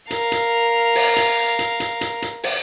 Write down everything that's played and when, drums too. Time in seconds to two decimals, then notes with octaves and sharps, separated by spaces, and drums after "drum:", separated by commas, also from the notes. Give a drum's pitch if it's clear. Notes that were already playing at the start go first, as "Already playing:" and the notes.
0.11 A#4 F5, drum: hi-hat
0.32 drum: hi-hat
0.95 drum: open hi-hat
1.16 drum: hi-hat
1.59 drum: hi-hat
1.80 drum: hi-hat
2.01 drum: hi-hat
2.22 drum: hi-hat
2.44 drum: open hi-hat